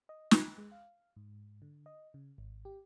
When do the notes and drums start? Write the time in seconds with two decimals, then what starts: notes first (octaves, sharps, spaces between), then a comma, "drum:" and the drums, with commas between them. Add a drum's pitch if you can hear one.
0.09 D#5
0.31 A#5, drum: snare
0.58 G#3
0.72 F5
1.16 G#2
1.62 D3
1.86 D#5
2.14 C#3
2.38 G#1
2.65 G4